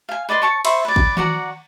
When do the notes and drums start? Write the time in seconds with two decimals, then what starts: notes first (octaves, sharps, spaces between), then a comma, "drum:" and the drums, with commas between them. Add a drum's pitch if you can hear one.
0.09 F5 G#5
0.29 B4 D5 D#5 C6
0.42 C#5 A5 C#6
0.65 C5 E5 B5 C#6, drum: cymbal
0.85 B4 D5
0.96 drum: kick
1.17 F#4 D5 F#5 A#5, drum: tom D#3